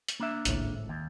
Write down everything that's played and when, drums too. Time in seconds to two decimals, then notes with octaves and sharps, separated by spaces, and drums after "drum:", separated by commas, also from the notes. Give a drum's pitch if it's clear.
0.08 drum: hi-hat
0.20 A#3 D4 E5
0.45 G#1 C#2 A2, drum: hi-hat
0.89 D#2